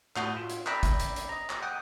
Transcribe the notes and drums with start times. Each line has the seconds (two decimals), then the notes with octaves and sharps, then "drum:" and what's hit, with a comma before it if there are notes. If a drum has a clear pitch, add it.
0.16 A2 F#4 D#6 G6, drum: clap
0.37 F4
0.50 drum: hi-hat
0.66 D5 G5 A#5 B5 D6 E6, drum: clap
0.83 drum: kick, hi-hat
1.00 drum: hi-hat
1.16 drum: hi-hat
1.29 D#5 A#5
1.50 drum: clap
1.62 F#5 G5 D#6